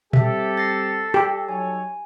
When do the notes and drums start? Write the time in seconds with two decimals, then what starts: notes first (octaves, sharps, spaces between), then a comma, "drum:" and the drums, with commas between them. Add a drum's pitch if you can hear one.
0.13 G3 C4 G4 A4 E5, drum: tom A#2
0.57 A6 A#6 C7
1.14 G4
1.49 F#3 D#4 C#5 G#5